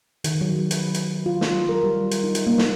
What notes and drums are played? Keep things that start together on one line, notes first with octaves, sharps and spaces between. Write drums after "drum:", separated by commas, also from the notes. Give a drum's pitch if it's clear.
D#3, drum: hi-hat
F#3
B4, drum: hi-hat
drum: hi-hat
F4
drum: snare
A#4
G3
drum: hi-hat
D#4
drum: hi-hat
A#3
drum: snare